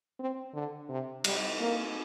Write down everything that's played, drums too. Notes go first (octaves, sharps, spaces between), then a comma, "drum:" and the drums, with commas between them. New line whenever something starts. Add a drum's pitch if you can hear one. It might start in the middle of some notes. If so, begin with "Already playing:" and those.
C4
D3
C3
G3, drum: cymbal
A#3